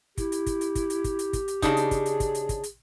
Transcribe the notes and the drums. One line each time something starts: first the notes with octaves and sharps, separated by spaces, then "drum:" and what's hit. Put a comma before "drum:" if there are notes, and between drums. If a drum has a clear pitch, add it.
E4 G4, drum: kick, hi-hat
drum: hi-hat
drum: kick, hi-hat
drum: hi-hat
drum: kick, hi-hat
drum: hi-hat
drum: kick, hi-hat
drum: hi-hat
drum: kick, hi-hat
drum: hi-hat
C#3 D4 D#4 G#4, drum: kick, hi-hat
drum: hi-hat
drum: kick, hi-hat
drum: hi-hat
drum: kick, hi-hat
drum: hi-hat
drum: kick, hi-hat
drum: hi-hat